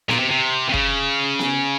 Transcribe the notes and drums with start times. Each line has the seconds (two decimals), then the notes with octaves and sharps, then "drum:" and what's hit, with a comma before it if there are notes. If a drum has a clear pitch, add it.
0.09 A#2, drum: snare B3
0.19 C3
0.30 C3
0.69 C3
0.74 C#3, drum: kick
1.39 drum: snare B3